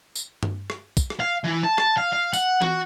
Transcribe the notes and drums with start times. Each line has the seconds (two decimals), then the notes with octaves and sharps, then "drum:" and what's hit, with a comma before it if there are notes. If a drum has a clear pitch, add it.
0.16 drum: tambourine
0.43 drum: tom G2
0.70 drum: rim click
0.97 drum: kick, tambourine
1.10 drum: rim click
1.20 F5
1.44 E3
1.64 A5
1.78 A5, drum: rim click
1.97 F5
2.12 F5
2.33 F#5, drum: tambourine
2.62 F#4, drum: tom E3